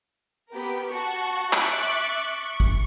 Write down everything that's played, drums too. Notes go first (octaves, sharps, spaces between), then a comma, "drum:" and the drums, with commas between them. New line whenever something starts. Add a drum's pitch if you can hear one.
B3 G4 A#4
F#4 F#5 A5 C#6
E5 C#6 D6 F#6 A6, drum: clap
C#6
drum: kick